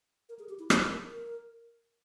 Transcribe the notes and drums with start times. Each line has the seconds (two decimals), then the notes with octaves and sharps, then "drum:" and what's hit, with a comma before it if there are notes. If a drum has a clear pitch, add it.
0.29 A#4
0.39 G#4
0.49 G4
0.59 E4
0.70 G#4, drum: rim click
0.90 A#4
1.11 A#4